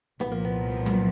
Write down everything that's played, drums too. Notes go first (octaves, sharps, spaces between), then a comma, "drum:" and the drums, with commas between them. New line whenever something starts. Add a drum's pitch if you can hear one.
C2 A#2 F3 B3, drum: snare
A#3
B3
drum: tom F#3